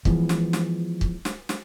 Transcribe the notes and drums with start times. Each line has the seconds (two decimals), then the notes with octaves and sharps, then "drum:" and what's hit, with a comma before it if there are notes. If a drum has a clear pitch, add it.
0.05 E3 F3 G#3 B3, drum: kick
0.29 drum: snare
0.53 drum: snare
1.01 drum: kick
1.25 drum: snare
1.49 drum: snare